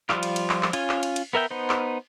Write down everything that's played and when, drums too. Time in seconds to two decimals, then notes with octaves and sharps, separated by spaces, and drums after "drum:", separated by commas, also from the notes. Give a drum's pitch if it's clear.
0.09 F3 G3 F4, drum: clap
0.23 drum: cymbal
0.36 drum: cymbal
0.49 drum: clap
0.63 drum: clap
0.73 C#4 F4 G#5, drum: cymbal
0.89 drum: clap
1.03 drum: cymbal
1.16 drum: cymbal
1.33 B3 A#4 E5 G5
1.51 B3 D#4 C5
1.70 drum: clap